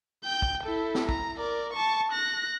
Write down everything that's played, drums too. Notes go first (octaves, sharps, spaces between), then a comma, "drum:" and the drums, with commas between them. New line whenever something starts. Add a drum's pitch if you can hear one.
G5 G6
drum: kick
E4 A4
drum: snare
A#5, drum: kick
A#4 D5
A5 C#6
F#6 A#6